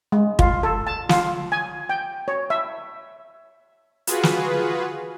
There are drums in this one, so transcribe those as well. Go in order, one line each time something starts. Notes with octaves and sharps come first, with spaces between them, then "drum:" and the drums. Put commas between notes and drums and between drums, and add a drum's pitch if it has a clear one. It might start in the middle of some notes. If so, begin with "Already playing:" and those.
G#3
F4, drum: kick
A4
A5
F4, drum: snare
G#5
G5
C#5
E5
F4 F#4 G#4 B4, drum: hi-hat
drum: snare